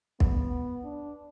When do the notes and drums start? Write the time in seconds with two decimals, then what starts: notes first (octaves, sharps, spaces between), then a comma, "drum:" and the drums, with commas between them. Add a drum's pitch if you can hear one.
0.20 B3, drum: kick
0.84 D4